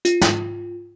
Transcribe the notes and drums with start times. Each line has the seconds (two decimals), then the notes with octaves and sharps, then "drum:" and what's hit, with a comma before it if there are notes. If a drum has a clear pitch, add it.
0.05 F4, drum: hi-hat
0.21 drum: snare